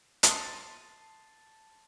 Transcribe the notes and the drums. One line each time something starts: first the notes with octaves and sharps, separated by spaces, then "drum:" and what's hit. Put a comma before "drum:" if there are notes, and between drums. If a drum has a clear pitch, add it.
A5 C6 D#6, drum: hi-hat